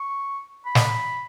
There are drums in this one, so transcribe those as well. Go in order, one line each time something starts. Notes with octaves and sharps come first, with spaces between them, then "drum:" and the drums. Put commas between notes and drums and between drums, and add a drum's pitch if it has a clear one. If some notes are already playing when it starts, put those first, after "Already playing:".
Already playing: C#6
B5
drum: snare